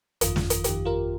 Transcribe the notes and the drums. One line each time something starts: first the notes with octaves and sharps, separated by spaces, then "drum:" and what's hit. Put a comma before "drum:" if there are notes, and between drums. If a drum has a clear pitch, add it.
G1 F2 D#3 F4, drum: hi-hat
drum: snare
drum: hi-hat
G1 F2 D#3 G4, drum: hi-hat
F4 A#4